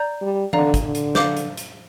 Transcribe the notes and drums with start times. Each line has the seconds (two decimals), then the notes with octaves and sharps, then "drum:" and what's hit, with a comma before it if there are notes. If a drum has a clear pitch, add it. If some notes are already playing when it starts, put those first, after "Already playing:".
Already playing: D5 A#5 G6
0.22 G3
0.53 D3 D5 F5 A#5, drum: tom E3
0.74 drum: kick, hi-hat
0.84 D3
0.95 drum: hi-hat
1.15 F5 D6 G6, drum: snare
1.37 drum: hi-hat
1.57 drum: hi-hat